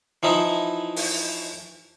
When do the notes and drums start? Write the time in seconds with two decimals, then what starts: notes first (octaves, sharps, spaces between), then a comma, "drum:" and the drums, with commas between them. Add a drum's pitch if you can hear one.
0.23 E3 F3 D#4 E4
0.96 drum: open hi-hat